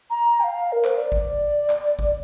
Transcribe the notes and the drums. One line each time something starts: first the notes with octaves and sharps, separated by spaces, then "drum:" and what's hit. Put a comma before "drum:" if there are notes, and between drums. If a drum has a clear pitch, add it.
A#5
G5
F5
A#4
C5, drum: clap
D5
drum: kick G#1
drum: clap
drum: kick G#1